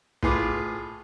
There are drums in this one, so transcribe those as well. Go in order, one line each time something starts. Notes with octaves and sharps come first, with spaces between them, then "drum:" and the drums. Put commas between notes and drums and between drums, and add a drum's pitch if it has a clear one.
A2 F4 G#4 B4 D6, drum: kick